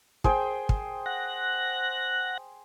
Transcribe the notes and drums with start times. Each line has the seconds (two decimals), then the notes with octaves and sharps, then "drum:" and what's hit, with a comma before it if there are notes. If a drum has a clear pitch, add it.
0.24 G#4 C5 G5, drum: kick
0.69 drum: kick
1.06 F#5 F#6 A#6